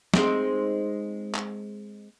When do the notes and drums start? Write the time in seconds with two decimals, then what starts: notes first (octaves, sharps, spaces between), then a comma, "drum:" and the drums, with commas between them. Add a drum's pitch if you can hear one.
0.14 G#3 C4 D#4, drum: snare
1.35 drum: clap